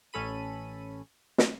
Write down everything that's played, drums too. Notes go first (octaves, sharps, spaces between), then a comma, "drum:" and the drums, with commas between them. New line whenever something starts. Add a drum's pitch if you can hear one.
A1 C#4 A4 B5 D#7
drum: snare